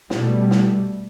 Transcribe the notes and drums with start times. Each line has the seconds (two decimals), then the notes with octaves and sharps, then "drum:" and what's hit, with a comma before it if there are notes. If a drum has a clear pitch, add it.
0.10 B2 G3 A3, drum: snare
0.51 drum: snare